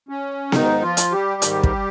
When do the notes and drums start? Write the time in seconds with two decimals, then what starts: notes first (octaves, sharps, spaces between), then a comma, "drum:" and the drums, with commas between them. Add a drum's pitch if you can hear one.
0.09 C#4
0.52 G#2 D#3 D#4, drum: snare B3
0.82 F3 F4
0.97 drum: hi-hat
1.11 G3 G4
1.42 G#2 D#3, drum: hi-hat
1.63 drum: kick